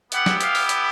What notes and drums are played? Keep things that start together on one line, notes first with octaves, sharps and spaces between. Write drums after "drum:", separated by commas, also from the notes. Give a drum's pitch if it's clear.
B3 E4 G4 F#5, drum: hi-hat
drum: snare F#3
F5, drum: hi-hat
drum: open hi-hat
drum: hi-hat